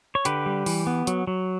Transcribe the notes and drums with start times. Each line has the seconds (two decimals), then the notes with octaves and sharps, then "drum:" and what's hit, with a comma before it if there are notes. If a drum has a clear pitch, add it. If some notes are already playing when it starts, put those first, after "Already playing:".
0.15 C#5
0.25 D3 G4 B4, drum: hi-hat
0.46 G3
0.66 E3, drum: open hi-hat
0.87 B3
1.07 F#3, drum: hi-hat
1.27 F#3